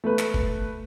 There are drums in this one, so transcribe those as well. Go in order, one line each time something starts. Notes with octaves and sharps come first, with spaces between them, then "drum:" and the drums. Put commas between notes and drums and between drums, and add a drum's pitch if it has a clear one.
A3 B4
drum: clap
drum: kick F#1